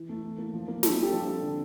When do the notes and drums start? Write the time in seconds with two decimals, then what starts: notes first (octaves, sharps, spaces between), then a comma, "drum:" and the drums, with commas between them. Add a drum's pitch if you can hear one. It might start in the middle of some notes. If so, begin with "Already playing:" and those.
Already playing: E3
0.09 A3
0.24 E3
0.38 A#3
0.53 F3
0.68 A#3
0.83 G3 A4, drum: snare
0.98 D4 G4
1.13 F3 A4
1.28 C4
1.42 D3